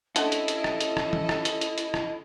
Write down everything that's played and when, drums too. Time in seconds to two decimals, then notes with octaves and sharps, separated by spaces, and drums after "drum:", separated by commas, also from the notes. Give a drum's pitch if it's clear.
0.16 D3 A3 C#4 E4 A4 D#5, drum: hi-hat
0.32 drum: hi-hat
0.48 drum: hi-hat
0.64 drum: rim click
0.81 drum: hi-hat
0.97 drum: rim click
1.13 drum: tom D#3
1.29 drum: rim click
1.45 drum: hi-hat
1.61 drum: hi-hat
1.78 drum: hi-hat
1.94 drum: rim click